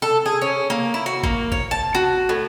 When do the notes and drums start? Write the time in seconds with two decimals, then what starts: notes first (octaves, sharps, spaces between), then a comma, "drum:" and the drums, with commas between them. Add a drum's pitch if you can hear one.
0.02 A4
0.26 G#4
0.42 C#4
0.70 A#3
0.94 E4
1.06 F#4
1.23 A#3, drum: kick G#1
1.52 C#5, drum: kick G#1
1.71 A5
1.95 F#4
2.29 A2